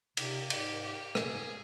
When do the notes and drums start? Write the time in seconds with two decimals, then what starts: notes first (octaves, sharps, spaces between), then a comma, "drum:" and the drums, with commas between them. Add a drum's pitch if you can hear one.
0.17 C3 G4, drum: cymbal
0.50 G#2 G4, drum: cymbal
0.82 G4
1.15 A#2 G#4, drum: rim click
1.24 C3
1.32 G#2